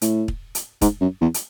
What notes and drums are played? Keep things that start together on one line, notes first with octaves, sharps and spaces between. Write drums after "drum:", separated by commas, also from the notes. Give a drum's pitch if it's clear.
A2, drum: hi-hat
drum: kick
drum: hi-hat
G#2, drum: kick, hi-hat
F#2
E2
drum: hi-hat